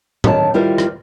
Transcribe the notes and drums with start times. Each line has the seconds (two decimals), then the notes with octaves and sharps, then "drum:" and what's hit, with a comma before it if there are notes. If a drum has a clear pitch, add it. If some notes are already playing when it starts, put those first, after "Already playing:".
0.24 D3 D#3 C#5 A5, drum: tom
0.54 D#3 G3 E4 F4 A#4 C5
0.78 drum: rim click